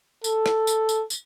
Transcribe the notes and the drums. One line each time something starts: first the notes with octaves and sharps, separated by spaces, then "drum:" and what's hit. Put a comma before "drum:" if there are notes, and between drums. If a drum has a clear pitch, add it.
A4, drum: tambourine
drum: rim click
drum: tambourine
drum: tambourine
drum: tambourine